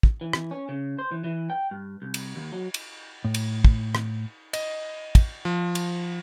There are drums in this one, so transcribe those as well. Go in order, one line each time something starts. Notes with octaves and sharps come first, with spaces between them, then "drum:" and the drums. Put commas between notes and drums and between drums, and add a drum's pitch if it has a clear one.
drum: kick
E3
drum: rim click
C#4
C#3
C5
E3
E3
G5
G2
C2
drum: cymbal
D#2
F#3
drum: cymbal
A2
drum: cymbal
drum: kick
drum: rim click
D#5, drum: cymbal
drum: kick, cymbal
F3
drum: cymbal